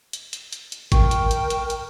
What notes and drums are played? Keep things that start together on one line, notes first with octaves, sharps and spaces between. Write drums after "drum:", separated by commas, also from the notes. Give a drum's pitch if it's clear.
drum: hi-hat
drum: hi-hat
drum: hi-hat
drum: hi-hat
A#4 G5 C#6, drum: kick G#1, hi-hat
drum: hi-hat
drum: hi-hat
drum: hi-hat
drum: hi-hat